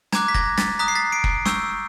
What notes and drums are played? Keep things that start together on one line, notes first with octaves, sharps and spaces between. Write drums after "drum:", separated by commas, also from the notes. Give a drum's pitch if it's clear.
A#5 D6 F#6 G#6, drum: snare
B6
G#6 A#6, drum: kick F#1
A6 B6, drum: snare
A#5 D#6 F#6 B6
C7
A6 B6
C7 D7
drum: kick F#1
C#6 E6 G6, drum: snare